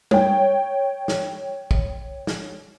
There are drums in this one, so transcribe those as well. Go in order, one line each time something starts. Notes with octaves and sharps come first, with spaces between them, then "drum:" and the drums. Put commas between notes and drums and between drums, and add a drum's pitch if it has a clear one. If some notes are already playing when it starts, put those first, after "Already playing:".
C#5 G5, drum: tom G3
drum: snare
drum: kick
drum: snare